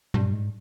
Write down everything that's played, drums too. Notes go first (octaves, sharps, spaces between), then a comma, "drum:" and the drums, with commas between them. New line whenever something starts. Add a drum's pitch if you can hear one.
G2, drum: tom A#2
G#2